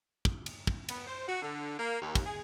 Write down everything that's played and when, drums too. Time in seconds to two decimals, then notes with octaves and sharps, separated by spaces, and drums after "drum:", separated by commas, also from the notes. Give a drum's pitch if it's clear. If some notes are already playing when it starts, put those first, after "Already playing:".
0.25 drum: kick
0.46 drum: cymbal
0.67 drum: kick
0.89 B3, drum: cymbal
1.07 C5
1.27 F#4
1.42 D3
1.79 A#3
2.01 D#2
2.15 drum: kick, cymbal
2.26 G#4